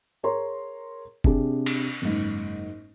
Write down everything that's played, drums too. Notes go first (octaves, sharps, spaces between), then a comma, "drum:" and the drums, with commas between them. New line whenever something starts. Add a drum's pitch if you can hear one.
G#4 A#4 C#5 A#5 C6
C3 D4 G#4, drum: kick
drum: cymbal
F#1 G#2